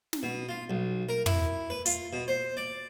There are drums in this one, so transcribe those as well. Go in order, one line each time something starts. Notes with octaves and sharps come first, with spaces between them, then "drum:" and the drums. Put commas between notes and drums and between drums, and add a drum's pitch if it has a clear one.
drum: snare
B2
F4
B1
A#4
E4, drum: tom
B4
F4, drum: hi-hat
B2
C5
D5